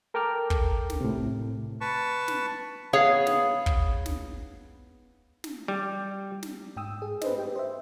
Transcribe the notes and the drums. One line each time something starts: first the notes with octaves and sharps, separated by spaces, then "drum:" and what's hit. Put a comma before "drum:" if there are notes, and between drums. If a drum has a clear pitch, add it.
A4 A#4 G5 A5 D6 F6
drum: kick
drum: snare
A2 C3
B4 A5 C#6
drum: snare
B3 G#4 C#5 F5
drum: snare
drum: kick
drum: snare
drum: snare
G3
drum: snare
G#2 G5 D#6 E6
G#4
B4 C5 D#5, drum: snare
G4 G5
C5 E5